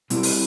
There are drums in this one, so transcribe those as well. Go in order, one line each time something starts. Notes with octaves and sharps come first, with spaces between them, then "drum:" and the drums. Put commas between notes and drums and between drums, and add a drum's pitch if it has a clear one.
B2 G3 C4 E4 G4, drum: hi-hat
drum: open hi-hat